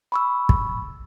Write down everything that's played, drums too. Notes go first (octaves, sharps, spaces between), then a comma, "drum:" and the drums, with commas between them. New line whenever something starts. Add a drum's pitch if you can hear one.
B5 C#6 E6
drum: kick